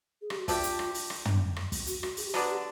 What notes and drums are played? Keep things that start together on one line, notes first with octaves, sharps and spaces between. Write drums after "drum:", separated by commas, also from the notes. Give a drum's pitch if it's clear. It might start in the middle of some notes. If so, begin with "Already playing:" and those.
G#4
G4, drum: rim click
F#4
A3 D4 F4 G4, drum: kick, open hi-hat
drum: hi-hat
drum: rim click
drum: open hi-hat
drum: rim click
drum: tom
drum: rim click
drum: kick, open hi-hat
F#4, drum: hi-hat
drum: rim click
G#4, drum: open hi-hat
G4
D3 F#3 B3 D4 F#4, drum: rim click
G4